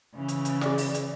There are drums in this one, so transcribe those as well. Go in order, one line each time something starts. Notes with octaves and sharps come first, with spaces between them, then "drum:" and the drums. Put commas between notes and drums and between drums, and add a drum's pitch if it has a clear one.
C#3 E3
drum: hi-hat
drum: hi-hat
G#4 D5 C#6, drum: snare
drum: open hi-hat
drum: hi-hat